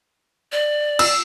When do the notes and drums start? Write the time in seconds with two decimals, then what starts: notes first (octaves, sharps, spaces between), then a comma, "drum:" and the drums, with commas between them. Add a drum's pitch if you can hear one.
0.52 D5
0.99 E6, drum: cymbal